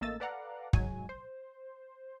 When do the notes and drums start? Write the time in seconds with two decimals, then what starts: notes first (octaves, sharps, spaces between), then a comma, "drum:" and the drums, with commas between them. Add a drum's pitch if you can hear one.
0.01 A1 A3 A#3 D#5 E6 A6
0.20 A4 B4 D5 F5 F#5 A#5
0.73 G#2 F#3 G#3 G#5, drum: kick
1.09 C5